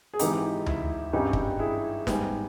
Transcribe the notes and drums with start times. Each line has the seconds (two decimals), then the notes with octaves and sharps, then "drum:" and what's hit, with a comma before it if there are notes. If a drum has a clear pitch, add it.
0.14 G#4
0.19 G#1 G#2 E3 D#4 G4, drum: hi-hat
0.66 E4, drum: tom D2
1.13 G#1 G2 G3 C#4 D#4 G4
1.33 drum: kick
1.59 E4 G#4
2.07 G#2 G3 B3, drum: snare